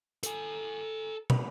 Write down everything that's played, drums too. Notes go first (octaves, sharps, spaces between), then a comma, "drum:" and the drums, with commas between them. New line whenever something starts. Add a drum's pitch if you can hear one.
A4 G#5, drum: hi-hat
drum: tom